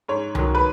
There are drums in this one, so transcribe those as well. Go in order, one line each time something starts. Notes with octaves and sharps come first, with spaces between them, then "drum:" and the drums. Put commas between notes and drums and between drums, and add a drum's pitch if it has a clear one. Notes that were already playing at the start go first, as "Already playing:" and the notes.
G#2 C#5
D#3 F#3, drum: tom C2
B4